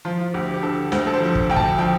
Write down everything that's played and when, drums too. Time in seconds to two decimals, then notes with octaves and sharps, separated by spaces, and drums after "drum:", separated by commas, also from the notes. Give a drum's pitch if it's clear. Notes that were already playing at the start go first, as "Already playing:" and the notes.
0.05 F3 F4
0.20 F4
0.34 D2 G4
0.54 G4
0.63 D3 A4
0.92 D2 C5, drum: snare
1.07 A4
1.14 C5
1.20 F3
1.35 drum: kick
1.50 D2 G5
1.56 A5, drum: kick
1.78 F3 G5